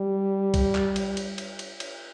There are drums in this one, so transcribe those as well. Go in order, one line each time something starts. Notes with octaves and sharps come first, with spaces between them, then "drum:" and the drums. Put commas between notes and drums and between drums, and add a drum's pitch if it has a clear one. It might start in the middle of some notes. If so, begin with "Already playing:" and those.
Already playing: G3
drum: kick B1, cymbal
drum: clap
drum: cymbal
drum: cymbal
drum: cymbal
drum: cymbal
drum: cymbal